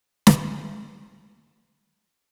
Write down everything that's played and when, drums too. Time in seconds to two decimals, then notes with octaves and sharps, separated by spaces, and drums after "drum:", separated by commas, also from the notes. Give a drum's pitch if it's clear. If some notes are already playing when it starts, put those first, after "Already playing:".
0.27 drum: snare
0.54 A3 E4